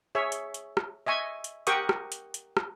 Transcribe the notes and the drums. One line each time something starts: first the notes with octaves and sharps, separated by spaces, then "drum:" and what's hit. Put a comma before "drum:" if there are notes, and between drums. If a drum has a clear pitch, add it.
G#4 C#5 E5
drum: hi-hat
drum: hi-hat
drum: rim click
D#5 E5 G#5 C#6
drum: hi-hat
G4 A#4 F#5 G5 C#6 D#6, drum: hi-hat
drum: rim click
drum: hi-hat
drum: hi-hat
drum: rim click